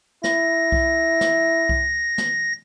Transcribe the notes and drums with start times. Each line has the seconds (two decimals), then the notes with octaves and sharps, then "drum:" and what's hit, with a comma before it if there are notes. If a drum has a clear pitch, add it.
0.24 E4 A#6, drum: snare
0.72 drum: kick C2
1.21 drum: snare
1.69 drum: kick C2
2.18 drum: snare